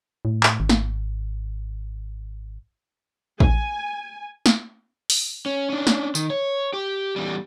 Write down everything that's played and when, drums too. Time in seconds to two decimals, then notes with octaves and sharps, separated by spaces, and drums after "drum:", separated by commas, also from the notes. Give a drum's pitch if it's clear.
0.25 A2
0.43 drum: clap
0.60 G#1
0.69 drum: snare
3.40 G#5, drum: kick A1
4.46 drum: snare
5.10 drum: open hi-hat
5.46 C#4
5.70 C#4 D4
5.87 drum: snare
6.15 D#3, drum: tambourine
6.30 C#5
6.73 G4
7.16 E2 G3